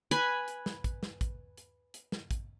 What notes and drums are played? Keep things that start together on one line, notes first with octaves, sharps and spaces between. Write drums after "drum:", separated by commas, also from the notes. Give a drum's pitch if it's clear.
B4 G#5, drum: hi-hat
drum: hi-hat
drum: snare
drum: kick, hi-hat
drum: snare
drum: kick, hi-hat
drum: hi-hat
drum: hi-hat
drum: snare
drum: kick, hi-hat